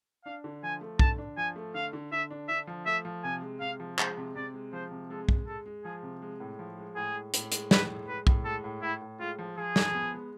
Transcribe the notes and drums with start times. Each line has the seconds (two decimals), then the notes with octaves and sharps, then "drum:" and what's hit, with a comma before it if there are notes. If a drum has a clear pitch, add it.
0.25 D4 F5
0.44 D3
0.63 F3 G#5
0.81 A3
0.99 D3 A5, drum: kick B1
1.18 D4
1.37 F3 G#5
1.56 A3
1.74 D3 F5
1.93 D3
2.12 D3 E5
2.30 D4
2.49 D3 E5
2.67 F3
2.86 A3 E5
3.05 F3
3.24 C3 G#5
3.42 G#3
3.60 C3 F5
3.80 F3
3.99 G#3 C5, drum: clap
4.17 C3
4.36 C3 D5
4.54 G#3
4.73 F3 C5
4.91 C3
5.09 G#3 A4
5.29 G#3, drum: kick B1
5.47 G#3 A4
5.66 G#3
5.84 F3 G#4
6.03 C3
6.22 G#3
6.40 A2
6.59 F3
6.78 G#3
6.96 A2 G#4
7.15 G#3
7.34 A2, drum: hi-hat
7.52 G#3, drum: hi-hat
7.71 A2 B4, drum: snare
7.90 G#3
8.08 G#3 B4
8.27 A2, drum: kick B1
8.45 G#3 A4
8.64 A2
8.82 A2 E4
9.01 A2
9.20 G#3 F4
9.39 F3
9.58 F3 G#4
9.76 F3, drum: snare
9.95 B3
10.13 G#3